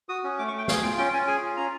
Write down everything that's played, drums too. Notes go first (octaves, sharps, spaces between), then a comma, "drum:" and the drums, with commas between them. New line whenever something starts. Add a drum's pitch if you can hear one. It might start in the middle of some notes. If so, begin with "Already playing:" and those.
F#4 D#6
C#4
A3 D6
C#6
A3 G5
G#4 F5, drum: snare
F4 G5
C#4 G5
C#4 G#5
G#4 G#5
F4
C#4 A#5